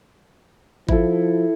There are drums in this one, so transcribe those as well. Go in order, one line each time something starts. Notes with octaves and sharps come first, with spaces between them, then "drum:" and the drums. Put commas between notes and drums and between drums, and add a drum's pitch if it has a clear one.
F3 E4 A4, drum: kick